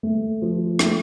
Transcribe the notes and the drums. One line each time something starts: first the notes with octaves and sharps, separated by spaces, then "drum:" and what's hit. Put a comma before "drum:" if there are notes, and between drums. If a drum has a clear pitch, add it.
A3
F3
A3, drum: rim click